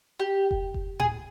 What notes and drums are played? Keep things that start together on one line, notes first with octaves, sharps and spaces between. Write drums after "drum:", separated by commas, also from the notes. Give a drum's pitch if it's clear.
G4
drum: kick F1
drum: kick F1
G#4, drum: tom A2